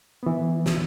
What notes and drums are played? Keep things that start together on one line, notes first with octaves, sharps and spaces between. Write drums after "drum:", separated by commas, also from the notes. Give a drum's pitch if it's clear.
E3 B3
drum: snare